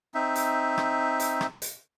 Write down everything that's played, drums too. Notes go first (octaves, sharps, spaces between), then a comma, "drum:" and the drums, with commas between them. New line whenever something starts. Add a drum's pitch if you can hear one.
C4 D#4 E5
drum: hi-hat
drum: rim click
drum: hi-hat
drum: rim click
drum: hi-hat